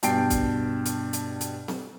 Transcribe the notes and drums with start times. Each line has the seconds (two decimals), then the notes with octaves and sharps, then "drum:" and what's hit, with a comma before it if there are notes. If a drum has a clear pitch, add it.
0.03 G2 B2 G5 A5 C7 D7, drum: hi-hat
0.30 drum: kick, hi-hat
0.85 drum: hi-hat
1.13 drum: hi-hat
1.41 drum: hi-hat
1.68 drum: snare C4